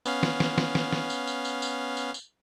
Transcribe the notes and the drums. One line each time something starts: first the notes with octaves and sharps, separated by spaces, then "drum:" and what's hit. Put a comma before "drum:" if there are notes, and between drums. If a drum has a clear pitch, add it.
B3 C#4 F5, drum: tambourine
drum: snare
drum: snare
drum: snare
drum: snare
drum: snare
drum: tambourine
drum: tambourine
drum: tambourine
drum: tambourine
drum: tambourine
drum: tambourine